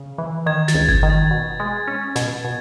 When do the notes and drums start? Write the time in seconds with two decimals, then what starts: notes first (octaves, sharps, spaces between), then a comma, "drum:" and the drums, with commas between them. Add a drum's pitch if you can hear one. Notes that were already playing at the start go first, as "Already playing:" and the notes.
Already playing: C#3
0.18 E3
0.46 D#3 G#6
0.68 A6, drum: snare
0.74 C#2
0.89 G#6, drum: kick G1
1.03 D#3
1.10 A6
1.31 B2
1.60 G#3
1.87 C#4
2.16 B2 G#6, drum: snare
2.44 B2